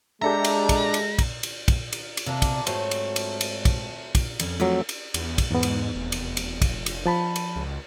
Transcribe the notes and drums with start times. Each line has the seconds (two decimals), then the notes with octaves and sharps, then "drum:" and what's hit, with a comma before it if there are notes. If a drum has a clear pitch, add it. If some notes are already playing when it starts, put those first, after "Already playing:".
0.22 G#3 D4 G4 A4 E5 A#5
0.44 drum: cymbal
0.69 drum: kick, cymbal
0.94 drum: cymbal
1.19 drum: kick, cymbal
1.43 drum: cymbal
1.68 drum: kick, cymbal
1.93 drum: cymbal
2.17 drum: cymbal
2.26 C3 A#3 D4
2.42 drum: kick, cymbal
2.67 G#2 F#3 A3 C4, drum: cymbal
2.91 drum: cymbal
3.16 drum: cymbal
3.41 drum: cymbal
3.65 drum: kick, cymbal
4.15 drum: kick, cymbal
4.40 F2 C#4, drum: cymbal
4.60 F2 F#3 A3 C4 A#4
4.89 drum: cymbal
5.14 E2, drum: cymbal
5.38 drum: kick, cymbal
5.51 E2 G#2 B3
5.63 drum: cymbal
5.95 F1
6.12 drum: cymbal
6.37 drum: cymbal
6.62 drum: kick, cymbal
6.86 drum: cymbal
7.06 F3 A5 B5
7.36 drum: cymbal
7.56 C#2